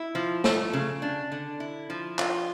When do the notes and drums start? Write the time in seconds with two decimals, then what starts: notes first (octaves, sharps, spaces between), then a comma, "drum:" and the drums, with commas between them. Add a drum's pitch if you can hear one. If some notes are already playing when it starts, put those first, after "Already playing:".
Already playing: E4
0.15 F3
0.44 A3, drum: snare
0.73 C#3
1.02 D4
1.32 D3
1.60 E4
1.90 F3
2.19 F4, drum: clap